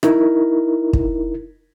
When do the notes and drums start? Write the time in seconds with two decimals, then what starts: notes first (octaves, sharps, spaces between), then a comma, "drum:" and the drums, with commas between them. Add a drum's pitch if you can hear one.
0.03 D#4 E4 A#4, drum: rim click
0.93 drum: kick